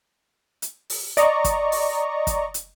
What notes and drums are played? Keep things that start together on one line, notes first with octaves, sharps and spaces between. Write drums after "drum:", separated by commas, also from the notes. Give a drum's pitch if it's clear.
drum: hi-hat
drum: open hi-hat
D5 D#5 A#5 C#6, drum: hi-hat
drum: kick, hi-hat
drum: open hi-hat
drum: kick, hi-hat
drum: hi-hat